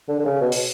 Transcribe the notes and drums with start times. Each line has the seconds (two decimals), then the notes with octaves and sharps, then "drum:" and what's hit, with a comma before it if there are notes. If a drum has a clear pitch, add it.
0.08 D3
0.19 D3
0.25 C#3
0.41 B2
0.52 drum: open hi-hat